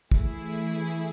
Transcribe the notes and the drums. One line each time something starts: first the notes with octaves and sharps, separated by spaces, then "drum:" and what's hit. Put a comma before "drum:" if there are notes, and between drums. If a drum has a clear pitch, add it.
E3 A3 E4 G#4, drum: kick